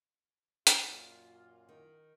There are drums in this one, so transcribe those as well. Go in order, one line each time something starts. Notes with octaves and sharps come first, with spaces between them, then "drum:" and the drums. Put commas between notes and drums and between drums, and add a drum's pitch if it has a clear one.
F#2 A#2 F4, drum: hi-hat
D#3